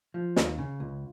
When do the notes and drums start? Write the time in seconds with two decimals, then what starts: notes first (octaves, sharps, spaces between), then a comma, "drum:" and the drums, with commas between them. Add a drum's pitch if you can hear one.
0.14 F3
0.36 D#2, drum: snare
0.59 C#3
0.80 C#2